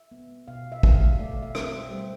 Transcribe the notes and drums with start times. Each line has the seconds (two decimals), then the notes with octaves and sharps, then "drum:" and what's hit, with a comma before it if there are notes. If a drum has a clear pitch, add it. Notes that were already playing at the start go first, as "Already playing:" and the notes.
Already playing: E5
0.11 B3
0.48 B2 F5
0.72 E5
0.83 B2 F5, drum: kick
0.95 E5
1.19 A3 D5
1.43 E5
1.55 C4, drum: rim click
1.67 E5
1.90 G3 C5